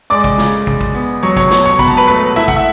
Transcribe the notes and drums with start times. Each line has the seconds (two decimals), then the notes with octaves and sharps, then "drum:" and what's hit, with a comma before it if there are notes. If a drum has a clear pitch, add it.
0.10 G#3 D5 D6
0.24 drum: kick
0.38 C#3, drum: snare
0.67 C#3, drum: kick
0.81 drum: kick
0.95 B3
1.23 F#3 C#5 C#6
1.36 C#5 C#6, drum: kick
1.51 B2 C#5 C#6, drum: snare
1.65 C#5 C#6
1.79 B2 B5, drum: kick
1.88 A5
1.97 B4 B5
2.07 A3 B4 B5
2.36 A3 E4 E5
2.48 F#5, drum: kick
2.56 E5